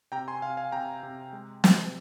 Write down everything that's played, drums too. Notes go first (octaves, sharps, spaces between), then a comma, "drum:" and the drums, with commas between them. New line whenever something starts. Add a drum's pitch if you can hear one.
C3 G5 A#5
G#5 C6
C3 F5 G#5
F5 G#5
C3 G5 A#5
C3
G#3
C3, drum: snare